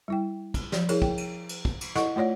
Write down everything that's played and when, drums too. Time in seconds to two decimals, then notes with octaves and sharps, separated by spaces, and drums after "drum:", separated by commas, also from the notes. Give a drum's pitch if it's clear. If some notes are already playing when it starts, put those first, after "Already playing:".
0.08 G3 E4 G5
0.54 drum: kick, cymbal
0.72 F3 D5, drum: snare
0.89 E4 G#4 A#4 C#5, drum: cymbal
1.02 G5, drum: kick
1.18 drum: cymbal
1.49 drum: cymbal
1.65 drum: kick
1.81 drum: cymbal
1.95 E4 A4 D#5 F#5 C#6, drum: snare
2.16 A3 F4 C#5 D5 F#5